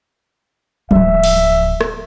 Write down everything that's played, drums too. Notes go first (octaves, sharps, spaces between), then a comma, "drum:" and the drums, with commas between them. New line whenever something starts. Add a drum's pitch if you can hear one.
D1 F3 E5, drum: tom F#3
drum: cymbal
drum: rim click